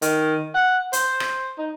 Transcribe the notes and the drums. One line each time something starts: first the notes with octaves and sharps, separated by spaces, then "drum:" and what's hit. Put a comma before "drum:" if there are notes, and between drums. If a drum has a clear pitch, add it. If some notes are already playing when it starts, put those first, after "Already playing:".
D#3, drum: hi-hat
F#5
C5, drum: hi-hat
drum: rim click
D#4